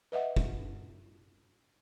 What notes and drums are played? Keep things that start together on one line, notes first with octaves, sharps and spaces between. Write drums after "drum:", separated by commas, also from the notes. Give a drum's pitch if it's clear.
B4 D#5 E5 F#5
drum: kick